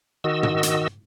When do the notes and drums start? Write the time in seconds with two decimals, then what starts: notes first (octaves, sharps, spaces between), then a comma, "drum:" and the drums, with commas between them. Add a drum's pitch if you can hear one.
0.24 D#3 F#4 D#5 E6
0.43 drum: tom
0.63 drum: hi-hat